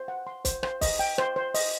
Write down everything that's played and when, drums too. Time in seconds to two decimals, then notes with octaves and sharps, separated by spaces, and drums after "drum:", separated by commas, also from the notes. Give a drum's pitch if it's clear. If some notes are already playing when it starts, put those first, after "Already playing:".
Already playing: C5
0.08 F#5
0.27 C6
0.45 C5, drum: kick, hi-hat
0.63 C5, drum: rim click
0.81 D#5, drum: kick, open hi-hat
0.99 G5
1.18 C5, drum: rim click
1.36 C5
1.54 D#5, drum: open hi-hat